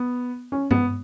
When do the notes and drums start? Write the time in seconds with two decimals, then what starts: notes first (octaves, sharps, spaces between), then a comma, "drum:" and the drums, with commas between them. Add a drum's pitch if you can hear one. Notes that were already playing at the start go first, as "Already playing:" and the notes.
Already playing: B3
0.52 C#4
0.71 B3, drum: tom G2